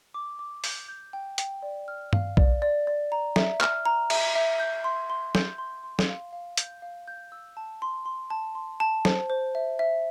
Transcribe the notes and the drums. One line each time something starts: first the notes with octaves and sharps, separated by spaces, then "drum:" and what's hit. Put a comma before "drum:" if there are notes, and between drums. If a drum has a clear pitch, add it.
D6
D6
G6, drum: open hi-hat
G6
G5
G5, drum: hi-hat
D5
F6
F5, drum: tom
D5, drum: kick B1
D5
D5
A#5
E5, drum: snare
F6, drum: clap
A#5
E5, drum: cymbal
E5
G6
C6
C6
G6, drum: snare
C6
C6
drum: snare
F5
F5
G6, drum: hi-hat
F5
G6
E6
A5
C6
C6
A5
C6
A5
C5, drum: snare
C5
E5
E5